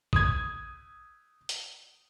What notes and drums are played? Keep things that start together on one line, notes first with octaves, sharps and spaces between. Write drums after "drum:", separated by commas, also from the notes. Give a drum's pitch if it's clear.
D#6 G#6, drum: kick A#1
drum: hi-hat